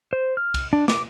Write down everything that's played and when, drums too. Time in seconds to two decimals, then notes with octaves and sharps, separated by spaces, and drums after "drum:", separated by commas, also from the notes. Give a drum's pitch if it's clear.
0.13 C5
0.37 F6
0.54 drum: kick C2, cymbal
0.73 D4
0.88 D6, drum: snare